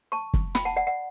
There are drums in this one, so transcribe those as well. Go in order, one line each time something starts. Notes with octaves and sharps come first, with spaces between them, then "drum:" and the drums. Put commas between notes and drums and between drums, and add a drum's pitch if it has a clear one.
A5 C#6
drum: kick
G5 B5, drum: snare
F#5 A5
D5 F#5
D5 F#5